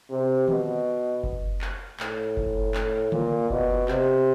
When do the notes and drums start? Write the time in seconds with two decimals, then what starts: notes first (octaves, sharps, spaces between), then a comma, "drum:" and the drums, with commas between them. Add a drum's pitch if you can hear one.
0.10 C3
0.48 B2, drum: tom D3
1.24 drum: kick F#1
1.61 drum: clap
2.00 A2, drum: clap
2.37 drum: kick F#1
2.74 A2, drum: clap
3.12 A#2, drum: tom C#3
3.50 B2, drum: kick F#1
3.88 C3, drum: clap